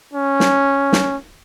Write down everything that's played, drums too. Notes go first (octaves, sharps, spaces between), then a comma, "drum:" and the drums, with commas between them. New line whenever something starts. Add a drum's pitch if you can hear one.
C#4
drum: snare
drum: snare